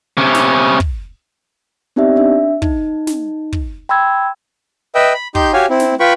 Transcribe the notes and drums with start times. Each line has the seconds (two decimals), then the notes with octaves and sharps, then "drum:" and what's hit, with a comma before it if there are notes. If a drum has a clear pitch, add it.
0.17 C3 C#4
0.35 drum: snare
0.80 drum: kick
1.96 B3 C4 D#4 G4 D5 E5
2.16 D4 E5
2.62 D#4, drum: kick
3.07 drum: snare
3.53 drum: kick
3.89 G5 B5 C6 E6 G#6
4.95 B4 D#5 E5 G5
5.14 B5
5.35 D#4 G4 C6 G6, drum: kick
5.53 F#4 G4 C#5 F5 G#5
5.70 C4 E4
5.80 drum: snare
6.00 F4 B4 G5 B5 C#6